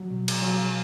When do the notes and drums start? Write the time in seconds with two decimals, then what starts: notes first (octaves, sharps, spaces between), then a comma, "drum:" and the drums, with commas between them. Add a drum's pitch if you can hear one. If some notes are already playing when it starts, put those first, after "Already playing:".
Already playing: F#3
0.11 B2
0.28 drum: cymbal
0.42 F#3